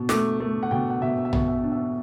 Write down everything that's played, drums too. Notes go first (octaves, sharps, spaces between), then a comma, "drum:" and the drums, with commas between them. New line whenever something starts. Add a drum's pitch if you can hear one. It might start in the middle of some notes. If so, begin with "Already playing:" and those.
Already playing: B2
A3 D6, drum: snare
A3
F#5
B2 G5
F#5
B2 E5
E5
B2, drum: tom A#1
E5
D4
E5